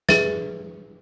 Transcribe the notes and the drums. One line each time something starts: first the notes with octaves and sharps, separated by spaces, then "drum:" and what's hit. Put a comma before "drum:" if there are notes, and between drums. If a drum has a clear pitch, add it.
G#4 B4 E5 A6, drum: snare